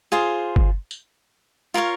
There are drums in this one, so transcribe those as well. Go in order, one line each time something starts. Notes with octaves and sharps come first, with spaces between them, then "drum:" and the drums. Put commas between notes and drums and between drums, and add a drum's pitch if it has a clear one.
F4 G#4 C5
drum: kick
drum: tambourine
F4 A#4 C#5 F5